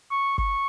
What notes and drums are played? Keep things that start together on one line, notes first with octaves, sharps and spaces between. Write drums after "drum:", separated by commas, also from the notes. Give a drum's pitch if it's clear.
C#6
C#6, drum: kick G1